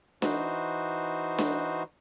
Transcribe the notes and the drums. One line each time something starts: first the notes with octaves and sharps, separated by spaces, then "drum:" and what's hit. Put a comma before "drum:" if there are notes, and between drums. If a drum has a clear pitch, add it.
E3 D#4 F#4 C5, drum: snare D4
drum: snare D4